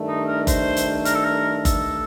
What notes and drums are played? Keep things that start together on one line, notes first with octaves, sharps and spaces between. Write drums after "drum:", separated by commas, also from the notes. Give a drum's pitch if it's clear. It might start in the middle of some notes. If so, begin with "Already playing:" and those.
Already playing: G2 D#3 A3 D4
D#4
A#4
C5, drum: kick F#1, hi-hat
drum: hi-hat
A#4, drum: hi-hat
A4
A#4
A4, drum: kick F#1, hi-hat